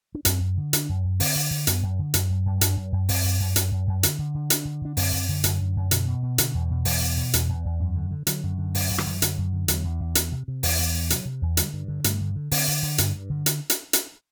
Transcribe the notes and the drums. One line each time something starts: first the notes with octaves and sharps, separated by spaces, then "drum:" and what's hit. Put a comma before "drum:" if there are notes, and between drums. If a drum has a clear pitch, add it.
D4
F#2 C4, drum: hi-hat
F#2
D3
D3 D4, drum: hi-hat
F#2
F#2
D3 C4, drum: open hi-hat
D3
D3
F#2 B3, drum: hi-hat
F#2
D3
F#2, drum: hi-hat
F#2
F#2
F#2 D4, drum: hi-hat
F#2
F#2
F#2 C4, drum: open hi-hat
F#2
F#2
F#2, drum: hi-hat
F#2
F#2
D3, drum: hi-hat
D3
D3
D3 D4, drum: hi-hat
D3
D3 D4
F#2 C4, drum: open hi-hat
F#2
D3
F#2, drum: hi-hat
D3
F#2
B2 D3, drum: hi-hat
B2
B2
B2 D3, drum: hi-hat
E2
B2
E2 E3, drum: open hi-hat
B2
B2
E2, drum: hi-hat
E2
E2
F#2
D3
D3
D3 F#3, drum: hi-hat
F#2
D3
F#2, drum: open hi-hat
F#2
D3, drum: rim click
F#2 E3
D3 F#3, drum: hi-hat
F#2
D3
E2 F#3, drum: hi-hat
E2
E2
E2, drum: hi-hat
C3
C3
E2 E3, drum: open hi-hat
E2
E2
C3 F#3, drum: hi-hat
C3
E2
D3 G3, drum: hi-hat
G2
D3
G2 A3, drum: hi-hat
D3
D3
D3 C4, drum: open hi-hat
D3
D3
G2 D4, drum: hi-hat
G2
D3
drum: hi-hat
drum: hi-hat
drum: hi-hat